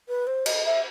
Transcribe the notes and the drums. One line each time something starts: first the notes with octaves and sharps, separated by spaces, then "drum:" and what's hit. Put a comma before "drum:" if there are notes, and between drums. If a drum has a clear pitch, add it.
B4
C5
D#5, drum: cymbal
E5